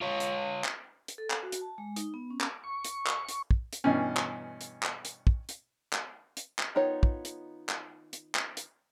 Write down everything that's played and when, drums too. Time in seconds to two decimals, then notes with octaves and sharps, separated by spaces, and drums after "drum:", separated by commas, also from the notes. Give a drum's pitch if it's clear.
0.01 F4 C#5
0.20 drum: hi-hat
0.64 drum: clap
1.08 drum: hi-hat
1.18 A4
1.30 drum: clap
1.43 F#4
1.52 drum: hi-hat
1.61 A5
1.78 G#3
1.96 D#4, drum: hi-hat
2.14 B3
2.30 C#4
2.40 drum: clap
2.64 C#6
2.85 drum: hi-hat
3.07 drum: clap
3.29 drum: hi-hat
3.51 drum: kick
3.73 drum: hi-hat
3.84 G2 B2 E3 C#4
4.17 drum: clap
4.61 drum: hi-hat
4.83 drum: clap
5.05 drum: hi-hat
5.27 drum: kick
5.49 drum: hi-hat
5.93 drum: clap
6.37 drum: hi-hat
6.59 drum: clap
6.75 D#3 B3 D#4 F4 C#5
7.03 drum: kick
7.25 drum: hi-hat
7.69 drum: clap
8.13 drum: hi-hat
8.35 drum: clap
8.57 drum: hi-hat